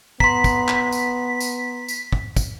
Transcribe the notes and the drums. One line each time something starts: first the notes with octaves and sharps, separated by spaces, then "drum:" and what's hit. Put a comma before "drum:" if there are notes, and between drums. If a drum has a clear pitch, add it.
B3 A#5 C6 B6, drum: kick
drum: kick, tambourine
drum: clap
drum: tambourine
drum: tambourine
drum: tambourine
drum: kick
drum: kick, tambourine